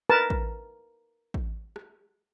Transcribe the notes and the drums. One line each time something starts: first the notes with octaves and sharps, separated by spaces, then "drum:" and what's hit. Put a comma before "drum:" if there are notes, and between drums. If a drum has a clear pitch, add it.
A#4 B4 A5
drum: kick
drum: kick
drum: rim click